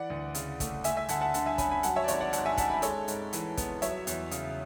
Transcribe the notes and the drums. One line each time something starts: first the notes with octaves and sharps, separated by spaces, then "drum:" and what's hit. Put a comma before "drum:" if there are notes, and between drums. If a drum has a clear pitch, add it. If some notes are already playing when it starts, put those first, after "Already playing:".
Already playing: E3 D5 F#5
D2
C#3, drum: hi-hat
A3, drum: kick, hi-hat
A3 E5 G#5, drum: hi-hat
E5 G#5
D2 F#5 A5, drum: hi-hat
F#5 A5
D3 F#5 A5, drum: hi-hat
E5 G#5
C#4 G#5 B5, drum: kick, hi-hat
G#5 B5
F#3 F#5 A5, drum: hi-hat
C#5 E5
D5
G#1 C#5 E5, drum: hi-hat
D5 F#5
G#2 F#5 A5, drum: hi-hat
E5 G#5
C#4 F#5 A5, drum: kick, hi-hat
G#5 B5
G#3 A4 C#5, drum: hi-hat
G#2, drum: hi-hat
E3, drum: hi-hat
B3, drum: kick, hi-hat
F#3 C#5 E5, drum: hi-hat
E2, drum: hi-hat
C#3, drum: hi-hat